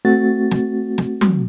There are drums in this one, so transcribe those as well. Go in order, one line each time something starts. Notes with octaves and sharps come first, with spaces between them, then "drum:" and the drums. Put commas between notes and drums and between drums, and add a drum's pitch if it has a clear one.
A3 C4 F#4 A6
drum: snare
drum: snare
drum: tom F#3